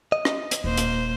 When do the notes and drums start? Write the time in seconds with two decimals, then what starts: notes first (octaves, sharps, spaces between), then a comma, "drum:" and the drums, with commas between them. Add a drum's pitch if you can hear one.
0.12 D#5
0.25 drum: rim click
0.51 drum: hi-hat
0.64 D#1 A#3 C5
0.77 drum: hi-hat